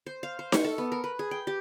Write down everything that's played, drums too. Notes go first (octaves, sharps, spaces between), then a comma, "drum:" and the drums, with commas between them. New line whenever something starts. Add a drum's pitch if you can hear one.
C5
F5
C5
C#6, drum: snare D#4
A4
B3
A#4
B4
G#4
G5
G4